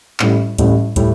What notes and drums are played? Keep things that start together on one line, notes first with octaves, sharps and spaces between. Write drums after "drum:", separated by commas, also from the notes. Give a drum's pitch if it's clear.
A1 A2 G3, drum: clap
A1 A2 G3, drum: kick, hi-hat
A2 G3, drum: kick, hi-hat